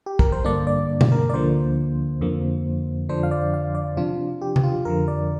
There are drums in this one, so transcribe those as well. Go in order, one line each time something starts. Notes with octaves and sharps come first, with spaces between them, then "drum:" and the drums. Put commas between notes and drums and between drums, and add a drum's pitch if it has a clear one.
G4
A#4, drum: kick
C5
G2 D3 A#3 D4 D5
D5
drum: tom B2
A#4
D5
D2 D3 F3 A#3 C5
F2 D3 F3 A#3
F2 D3 F3 D4 C5
F5
D5
F5
D5
C3 F3 D4 F4
G4
G4, drum: tom C3
F4
F2 D3 F3 A#4
D5